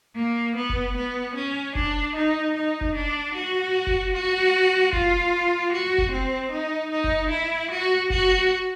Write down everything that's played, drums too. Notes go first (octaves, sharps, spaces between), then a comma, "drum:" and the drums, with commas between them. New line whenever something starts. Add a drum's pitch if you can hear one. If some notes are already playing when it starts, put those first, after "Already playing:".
A#3
B3
drum: kick F1
B3
C#4
D4, drum: kick F1
D#4
D#4
drum: kick F1
D4
F#4
drum: kick F1
F#4
F4, drum: kick F1
F#4
drum: kick F1
C4
D#4
D#4
drum: kick F1
E4
F#4
F#4, drum: kick F1